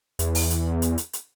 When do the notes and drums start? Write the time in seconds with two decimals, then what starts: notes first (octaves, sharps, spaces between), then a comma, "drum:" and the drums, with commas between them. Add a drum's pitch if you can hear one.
0.19 E2, drum: hi-hat
0.35 drum: open hi-hat
0.50 drum: hi-hat
0.82 drum: hi-hat
0.98 drum: hi-hat
1.13 drum: hi-hat